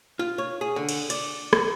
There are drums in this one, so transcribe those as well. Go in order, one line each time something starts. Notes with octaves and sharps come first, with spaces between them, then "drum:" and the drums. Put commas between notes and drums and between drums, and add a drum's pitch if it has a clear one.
F4
C#5
G#4
D3
drum: cymbal
D5, drum: cymbal
drum: rim click